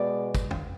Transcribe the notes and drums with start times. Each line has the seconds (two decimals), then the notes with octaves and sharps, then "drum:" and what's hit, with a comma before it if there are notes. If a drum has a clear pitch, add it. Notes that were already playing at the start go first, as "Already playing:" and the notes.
Already playing: B2 G#3 B3 D5
0.35 drum: kick, tambourine
0.51 drum: tom